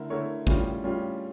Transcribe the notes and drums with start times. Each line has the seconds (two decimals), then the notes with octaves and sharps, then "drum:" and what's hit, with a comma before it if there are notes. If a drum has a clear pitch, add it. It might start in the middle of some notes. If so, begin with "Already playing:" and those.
Already playing: D3 A3 E4 A#4
0.10 D3 A3 E4 A#4 C#5
0.47 A2 G3 C#4 F4, drum: kick G#1
0.84 A2 G3 C#4 F4